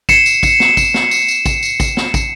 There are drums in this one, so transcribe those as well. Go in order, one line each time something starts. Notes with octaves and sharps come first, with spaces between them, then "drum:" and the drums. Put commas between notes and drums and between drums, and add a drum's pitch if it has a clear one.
C7 C#7 E7, drum: kick, tambourine
drum: tambourine
drum: kick, tambourine
drum: snare
drum: kick, tambourine
drum: snare
drum: tambourine
drum: tambourine
drum: kick, tambourine
drum: tambourine
drum: kick, tambourine
drum: snare
drum: kick, tambourine